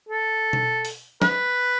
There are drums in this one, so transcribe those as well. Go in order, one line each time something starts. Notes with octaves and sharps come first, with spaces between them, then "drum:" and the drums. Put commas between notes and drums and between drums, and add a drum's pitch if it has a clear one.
A4
drum: tom B2
drum: open hi-hat
B4, drum: snare